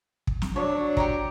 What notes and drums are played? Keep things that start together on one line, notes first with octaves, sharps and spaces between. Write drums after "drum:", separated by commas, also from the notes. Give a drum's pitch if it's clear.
drum: kick
drum: snare
F#3 D4 C#5
G4 C#5 A#5, drum: kick